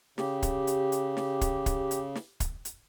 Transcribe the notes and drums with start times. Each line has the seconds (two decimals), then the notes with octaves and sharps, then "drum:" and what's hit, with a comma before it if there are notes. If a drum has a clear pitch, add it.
0.18 C#3 G4, drum: snare
0.42 drum: kick, hi-hat
0.67 drum: hi-hat
0.92 drum: hi-hat
1.17 drum: snare
1.41 drum: kick, hi-hat
1.66 drum: kick, hi-hat
1.91 drum: hi-hat
2.16 drum: snare
2.40 drum: kick, hi-hat
2.65 drum: hi-hat